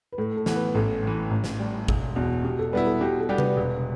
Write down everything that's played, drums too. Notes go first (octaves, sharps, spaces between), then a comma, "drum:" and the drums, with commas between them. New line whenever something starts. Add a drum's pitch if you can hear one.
B4
A2 A4
A4
E3 B3, drum: snare
B4
A1 A4
A2 E3
A1
drum: snare
A2 G3
E1, drum: kick G#1
E2 B2
B2 G4
A4
G3 B3 E4 B4
A4
B2 G4
A4
G3 B3 D4 G4
B4, drum: tom C3
E1